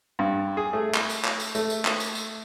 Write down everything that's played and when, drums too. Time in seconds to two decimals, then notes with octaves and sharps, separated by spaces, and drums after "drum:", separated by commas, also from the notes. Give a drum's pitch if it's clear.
0.19 G2
0.57 G#4
0.73 A3
0.94 drum: clap
1.09 drum: tambourine
1.25 drum: clap
1.40 drum: tambourine
1.55 A3, drum: tambourine
1.70 drum: tambourine
1.85 drum: clap
2.00 drum: tambourine
2.15 drum: tambourine